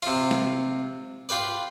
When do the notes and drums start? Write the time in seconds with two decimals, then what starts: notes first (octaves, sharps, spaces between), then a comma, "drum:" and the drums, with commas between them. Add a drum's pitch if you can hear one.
0.02 C3 F4, drum: open hi-hat
0.31 drum: snare
1.29 F4 G4 B4 D5